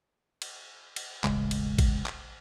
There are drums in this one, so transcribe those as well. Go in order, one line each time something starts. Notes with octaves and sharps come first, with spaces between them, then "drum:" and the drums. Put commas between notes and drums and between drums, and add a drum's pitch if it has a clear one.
drum: cymbal
drum: cymbal
E1 A1 C#3 G#3, drum: clap
drum: cymbal
drum: kick, cymbal
drum: clap